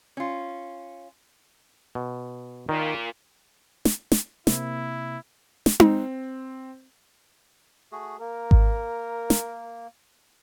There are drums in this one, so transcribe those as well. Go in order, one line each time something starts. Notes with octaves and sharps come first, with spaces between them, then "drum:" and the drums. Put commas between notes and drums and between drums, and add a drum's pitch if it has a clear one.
C#4 F4
B2
A#2 D#3
drum: snare
drum: snare
C3 A#3 C4 E4, drum: snare
drum: snare
C4, drum: tom D#4
A3 F#4 G#4
A#3 A#4
drum: kick G#1
drum: snare